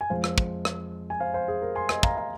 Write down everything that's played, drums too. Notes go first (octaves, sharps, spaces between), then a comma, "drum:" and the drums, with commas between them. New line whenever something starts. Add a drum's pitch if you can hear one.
G#5
F2 F3 G#3 C5 F5
drum: rim click
drum: kick
drum: rim click
G#5
C5 F5
C5 F5
G#4
A#4
G#5 C6
D#5 G#5, drum: rim click
F5 A#5, drum: kick
F5 A#5